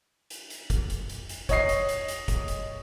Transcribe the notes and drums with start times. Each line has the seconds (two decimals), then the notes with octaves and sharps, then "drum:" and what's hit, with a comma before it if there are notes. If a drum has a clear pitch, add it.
0.30 drum: hi-hat
0.50 drum: hi-hat
0.70 drum: kick, hi-hat
0.90 drum: hi-hat
1.10 drum: hi-hat
1.29 drum: hi-hat
1.49 C#5 D#5 C7, drum: kick, hi-hat
1.69 drum: hi-hat
1.89 drum: hi-hat
2.08 drum: hi-hat
2.28 drum: kick, hi-hat
2.48 drum: hi-hat